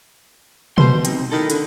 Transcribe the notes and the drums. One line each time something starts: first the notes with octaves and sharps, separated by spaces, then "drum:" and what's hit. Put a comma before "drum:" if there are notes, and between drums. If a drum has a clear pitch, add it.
B2 C5 C6, drum: tom B2
C4 D#4, drum: hi-hat
D#3 E4 A4
D3, drum: hi-hat